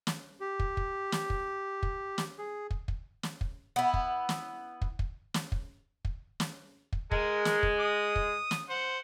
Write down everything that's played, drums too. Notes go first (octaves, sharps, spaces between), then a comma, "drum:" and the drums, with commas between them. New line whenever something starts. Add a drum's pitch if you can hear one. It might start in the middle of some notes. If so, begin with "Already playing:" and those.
drum: snare
G4
drum: kick
drum: kick
drum: snare
drum: kick
drum: kick
drum: snare
G#4
drum: kick
drum: kick
drum: snare
drum: kick
B3 E4
drum: kick
drum: snare
drum: kick
drum: kick
drum: snare
drum: kick
drum: kick
drum: snare
drum: kick
G#3 A#4, drum: kick
drum: snare
drum: kick
D#6
drum: kick
drum: snare
C5 F#5